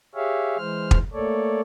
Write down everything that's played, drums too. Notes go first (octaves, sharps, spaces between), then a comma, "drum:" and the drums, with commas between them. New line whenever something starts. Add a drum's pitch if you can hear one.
G4 G#4 C#5 E5 F5
E3 G#3 C5 F6
drum: kick
A3 A#3 A4 C#5 D5